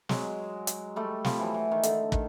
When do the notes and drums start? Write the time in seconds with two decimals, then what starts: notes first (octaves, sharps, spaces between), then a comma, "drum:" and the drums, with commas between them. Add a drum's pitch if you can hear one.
0.09 F#3 G#3, drum: snare
0.67 drum: hi-hat
0.96 G3 A3
1.25 F3 G3, drum: snare
1.40 E3 F#3
1.54 E3
1.72 D#3
1.83 D3, drum: hi-hat
2.12 D#3, drum: kick